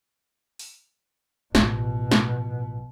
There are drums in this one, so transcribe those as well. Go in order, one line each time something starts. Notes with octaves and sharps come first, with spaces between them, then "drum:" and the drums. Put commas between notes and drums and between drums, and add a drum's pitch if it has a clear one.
drum: open hi-hat
A1 B2 F3, drum: snare
drum: snare